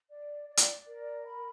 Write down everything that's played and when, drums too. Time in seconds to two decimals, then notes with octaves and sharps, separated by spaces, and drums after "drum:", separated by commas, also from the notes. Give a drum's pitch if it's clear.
0.09 D5
0.48 D5
0.57 drum: hi-hat
0.86 A#4
1.25 B5